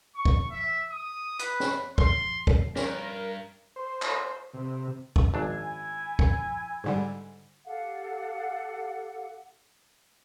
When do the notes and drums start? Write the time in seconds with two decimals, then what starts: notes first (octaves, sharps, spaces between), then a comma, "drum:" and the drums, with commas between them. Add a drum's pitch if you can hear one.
0.15 C#6
0.25 drum: kick
0.50 E5
0.91 D#6
1.39 B4, drum: hi-hat
1.60 drum: snare
1.98 C6, drum: kick
2.47 drum: kick
2.76 G2 A#4, drum: snare
3.76 C5
4.02 drum: clap
4.54 C3
5.16 drum: kick
5.34 G#1 D4 E4 G#5
6.19 drum: kick
6.84 G#2 D3 G3
7.66 G4 A4 F5 F#5